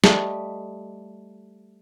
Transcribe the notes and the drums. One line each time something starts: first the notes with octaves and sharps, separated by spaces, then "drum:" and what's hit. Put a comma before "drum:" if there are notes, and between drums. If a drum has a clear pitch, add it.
G3 A3 D#5, drum: snare